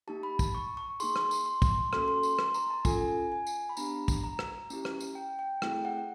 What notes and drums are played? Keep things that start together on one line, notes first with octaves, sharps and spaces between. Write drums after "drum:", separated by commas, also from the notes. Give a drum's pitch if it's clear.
A#3 D#4 G4 A5
B5
A5, drum: kick, tambourine
C#6
C#6
A#3 D#4 G#4 C6, drum: tambourine
drum: rim click
drum: tambourine
C6
drum: kick, tambourine
A#3 C#4 F#4 A4 C6, drum: rim click
C6
C6, drum: tambourine
C6, drum: rim click
A#5, drum: tambourine
A5
C#4 F4 A4 G#5, drum: kick, tambourine
G#5
G#5
drum: tambourine
B5
B3 D4 G4 A#5, drum: tambourine
drum: kick, tambourine
A#5
drum: rim click
A#3 C#4 E4 G4, drum: tambourine
drum: rim click
drum: tambourine
G5
G5
A3 C4 E4 G#4 G5, drum: rim click
F#5